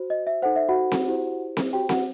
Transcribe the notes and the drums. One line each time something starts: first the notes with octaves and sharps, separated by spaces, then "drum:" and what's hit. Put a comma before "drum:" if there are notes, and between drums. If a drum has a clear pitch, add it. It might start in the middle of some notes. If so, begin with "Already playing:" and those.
Already playing: F#4 C5
D#5
E5
D#4 A4 C5 F#5
E5
F#4 F#5
drum: snare C4
E4 G4 C5
drum: snare C4
F#4 G4 C5 G5
F#4 F#5, drum: snare C4